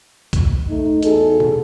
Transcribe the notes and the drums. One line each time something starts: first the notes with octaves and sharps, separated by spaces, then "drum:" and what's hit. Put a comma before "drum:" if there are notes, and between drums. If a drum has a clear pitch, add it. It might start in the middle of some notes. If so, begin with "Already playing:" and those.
drum: kick B1, hi-hat
A3 D#4
E2 F#4 G#4 A4, drum: hi-hat
drum: tom A#2